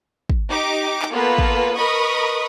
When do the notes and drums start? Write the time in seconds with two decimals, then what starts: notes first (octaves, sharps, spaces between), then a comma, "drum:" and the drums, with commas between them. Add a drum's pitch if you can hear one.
0.30 drum: kick
0.50 D#4 G4 D6
1.02 drum: clap
1.12 A#3 B3 F4 A4 B4
1.38 drum: kick
1.75 A#4 B4 D#5 B5 C#6 D#6